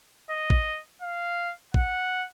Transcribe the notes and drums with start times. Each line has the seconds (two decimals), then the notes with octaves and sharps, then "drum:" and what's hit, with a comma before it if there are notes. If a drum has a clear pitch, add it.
0.30 D#5
0.50 drum: kick
1.02 F5
1.74 F#5, drum: kick